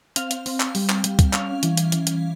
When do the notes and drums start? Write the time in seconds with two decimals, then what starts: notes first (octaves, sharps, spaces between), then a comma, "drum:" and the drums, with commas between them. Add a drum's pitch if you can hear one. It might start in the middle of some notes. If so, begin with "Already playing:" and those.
0.16 C4 F5, drum: hi-hat
0.31 drum: hi-hat
0.46 C4, drum: open hi-hat
0.60 drum: clap
0.75 G3, drum: open hi-hat
0.89 drum: clap
1.04 G3, drum: hi-hat
1.19 drum: kick, hi-hat
1.33 C#4 F5, drum: clap
1.63 E3, drum: hi-hat
1.77 drum: hi-hat
1.92 E3, drum: hi-hat
2.07 drum: hi-hat